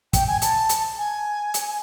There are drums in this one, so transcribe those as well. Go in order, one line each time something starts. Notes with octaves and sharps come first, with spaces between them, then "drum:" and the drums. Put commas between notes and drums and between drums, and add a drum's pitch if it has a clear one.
G5, drum: kick, hi-hat
G#5
A5, drum: hi-hat
drum: hi-hat
G#5
drum: hi-hat